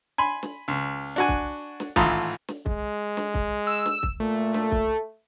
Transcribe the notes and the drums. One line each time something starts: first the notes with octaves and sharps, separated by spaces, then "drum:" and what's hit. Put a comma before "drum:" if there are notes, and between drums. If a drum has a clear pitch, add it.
G#5 B5 C6
drum: snare
C#2
D4 F#4 G#5
drum: kick
drum: snare
G#1 A2 E3 F4 A#5 D#6, drum: kick
drum: snare
G#3, drum: kick
drum: snare
drum: kick
E6
drum: snare
drum: kick
A#2 A3
drum: snare
drum: kick